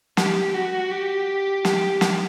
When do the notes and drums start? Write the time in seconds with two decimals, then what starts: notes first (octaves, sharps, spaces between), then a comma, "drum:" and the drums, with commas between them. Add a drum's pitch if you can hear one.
0.17 G4, drum: snare
0.54 F#4
0.91 G4
1.65 G4, drum: snare
2.01 drum: snare